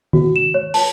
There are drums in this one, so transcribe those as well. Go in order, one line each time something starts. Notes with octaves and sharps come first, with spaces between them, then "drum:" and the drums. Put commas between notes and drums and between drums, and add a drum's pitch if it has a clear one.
F#4, drum: tom D#3
E7
C#5
A5, drum: open hi-hat